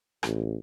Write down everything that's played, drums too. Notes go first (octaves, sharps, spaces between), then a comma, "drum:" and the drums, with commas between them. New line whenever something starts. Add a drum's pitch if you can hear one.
A1, drum: rim click